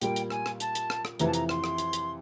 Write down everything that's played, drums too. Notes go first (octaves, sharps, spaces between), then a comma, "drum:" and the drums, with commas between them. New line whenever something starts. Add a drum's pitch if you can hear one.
A#2 G3 A#3 G5, drum: hi-hat
drum: hi-hat
G#5, drum: rim click
drum: rim click
A5, drum: hi-hat
drum: hi-hat
drum: rim click
drum: rim click
F2 C3 E3 A#5, drum: hi-hat
A5
A#5, drum: hi-hat
C6, drum: rim click
drum: rim click
drum: hi-hat
drum: hi-hat